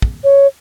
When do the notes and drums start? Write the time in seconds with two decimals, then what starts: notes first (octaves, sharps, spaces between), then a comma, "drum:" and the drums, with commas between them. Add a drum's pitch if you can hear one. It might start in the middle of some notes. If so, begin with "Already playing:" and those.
0.02 drum: kick
0.24 C#5